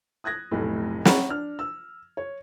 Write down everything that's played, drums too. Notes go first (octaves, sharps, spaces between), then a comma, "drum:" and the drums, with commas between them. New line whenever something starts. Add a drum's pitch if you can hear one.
D#6 F#6 G#6 A#6
F1 B1 A2
C#5 F#5 G5 A#5 B5 C#6, drum: snare
D4 F6
E6
C#5